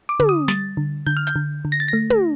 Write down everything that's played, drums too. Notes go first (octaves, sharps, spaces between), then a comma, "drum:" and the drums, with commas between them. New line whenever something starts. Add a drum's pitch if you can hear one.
D6
D3, drum: tom
D#6
G3 A6, drum: snare
D3
D3 G6
F6
G6, drum: hi-hat
D3
D3
A#6
A6
A3 A#6
drum: tom